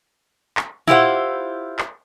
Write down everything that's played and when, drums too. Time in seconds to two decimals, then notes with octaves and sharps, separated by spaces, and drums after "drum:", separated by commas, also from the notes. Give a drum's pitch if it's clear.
0.57 drum: clap
0.87 E4 F4 G4 C5 F#5, drum: tom A#2
1.79 drum: clap